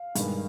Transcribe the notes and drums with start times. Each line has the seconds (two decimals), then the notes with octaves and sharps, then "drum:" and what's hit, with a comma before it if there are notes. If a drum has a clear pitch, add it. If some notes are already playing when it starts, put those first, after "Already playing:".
Already playing: F5
0.15 G2 D#3 G#3, drum: hi-hat